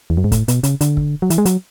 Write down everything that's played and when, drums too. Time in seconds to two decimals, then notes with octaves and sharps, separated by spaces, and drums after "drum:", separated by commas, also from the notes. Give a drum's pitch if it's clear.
0.10 E2
0.17 F#2
0.24 G#2
0.32 A2, drum: kick, hi-hat
0.48 B2, drum: hi-hat
0.63 C#3, drum: hi-hat
0.81 D3, drum: hi-hat
0.97 drum: kick
1.22 F#3
1.30 E3, drum: hi-hat
1.38 G#3
1.45 F#3, drum: hi-hat